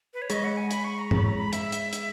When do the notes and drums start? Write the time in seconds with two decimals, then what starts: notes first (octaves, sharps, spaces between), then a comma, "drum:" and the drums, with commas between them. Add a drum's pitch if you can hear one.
0.14 B4
0.22 C#5
0.30 G#3 G#4 D#5, drum: hi-hat
0.44 F#5
0.57 G#5
0.71 B5, drum: hi-hat
0.84 C#6
0.98 A#5
1.11 G#3 G#4 B5, drum: tom G#2
1.25 A#5
1.38 B5
1.53 E5, drum: hi-hat
1.72 drum: hi-hat
1.93 drum: hi-hat